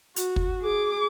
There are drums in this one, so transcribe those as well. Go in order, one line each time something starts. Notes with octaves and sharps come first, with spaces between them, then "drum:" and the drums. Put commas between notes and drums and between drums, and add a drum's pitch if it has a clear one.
F#4, drum: hi-hat
drum: kick
G#4 D6